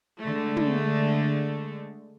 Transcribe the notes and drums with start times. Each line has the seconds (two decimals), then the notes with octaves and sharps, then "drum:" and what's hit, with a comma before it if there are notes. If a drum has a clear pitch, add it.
0.21 D3 G#3 A3
0.57 drum: tom